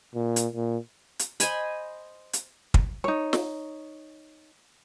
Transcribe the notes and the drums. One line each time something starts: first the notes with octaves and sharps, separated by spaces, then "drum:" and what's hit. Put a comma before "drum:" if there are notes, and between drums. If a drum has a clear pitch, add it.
A#2
drum: hi-hat
A#2
drum: hi-hat
C5 D#5 G#5 B5, drum: hi-hat
drum: hi-hat
drum: kick
D#4 C#5
drum: snare